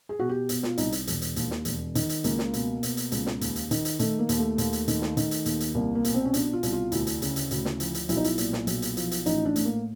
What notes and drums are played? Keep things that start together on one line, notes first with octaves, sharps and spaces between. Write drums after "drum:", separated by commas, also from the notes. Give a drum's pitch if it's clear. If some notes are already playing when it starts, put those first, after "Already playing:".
G#4
B2 F#4
G4
B2, drum: hi-hat
F4, drum: snare
C2 D#4, drum: hi-hat
drum: hi-hat
E1, drum: hi-hat
drum: hi-hat
D#2, drum: hi-hat
drum: snare
E1, drum: hi-hat
D#3, drum: hi-hat
drum: hi-hat
C#2 A#3, drum: hi-hat
drum: snare
B2, drum: hi-hat
B2, drum: hi-hat
drum: hi-hat
C#2, drum: hi-hat
drum: snare
D#2, drum: hi-hat
drum: hi-hat
D#3, drum: hi-hat
drum: hi-hat
D#3 A3, drum: hi-hat
A#3
D#2, drum: hi-hat
A3
D#2, drum: hi-hat
drum: hi-hat
D#3, drum: hi-hat
drum: snare
D#3, drum: hi-hat
drum: hi-hat
D#2, drum: hi-hat
drum: hi-hat
C2 A#3
A#3
B2, drum: hi-hat
C4
C#4
B2 D4, drum: hi-hat
F4
C2, drum: hi-hat
F4
D2 E4, drum: hi-hat
drum: hi-hat
C#3, drum: hi-hat
drum: hi-hat
D2, drum: hi-hat
drum: snare
F3, drum: hi-hat
drum: hi-hat
B1 E4, drum: hi-hat
D#4
E4, drum: hi-hat
A#2, drum: hi-hat
drum: snare
B1, drum: hi-hat
drum: hi-hat
F3, drum: hi-hat
drum: hi-hat
A1 D#4, drum: hi-hat
D4
A2, drum: hi-hat
A#3